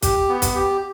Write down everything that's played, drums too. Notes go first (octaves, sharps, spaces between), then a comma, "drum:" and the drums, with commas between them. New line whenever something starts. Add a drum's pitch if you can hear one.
G4, drum: kick, hi-hat
B3
drum: kick, hi-hat
G4